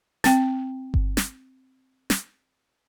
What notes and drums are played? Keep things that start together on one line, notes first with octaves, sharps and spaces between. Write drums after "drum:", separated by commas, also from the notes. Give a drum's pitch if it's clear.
C4 G5, drum: snare
drum: kick G1
drum: snare
drum: snare